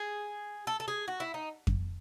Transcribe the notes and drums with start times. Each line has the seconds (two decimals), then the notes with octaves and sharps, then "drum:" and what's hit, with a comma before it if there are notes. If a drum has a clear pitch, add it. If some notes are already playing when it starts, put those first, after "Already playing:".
Already playing: G#4
0.67 A4
0.80 A4
0.88 G#4
1.08 F#4
1.20 E4
1.34 D#4
1.67 drum: kick F2